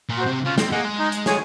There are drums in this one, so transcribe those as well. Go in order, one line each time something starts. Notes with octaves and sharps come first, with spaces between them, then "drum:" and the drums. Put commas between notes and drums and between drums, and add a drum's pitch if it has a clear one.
A#2
F#4 C5
C3
C#3 F4
C4, drum: snare
A#3 G#4 D#5 F#5
G#3
D#4
drum: hi-hat
G#4 C#5 G#5, drum: snare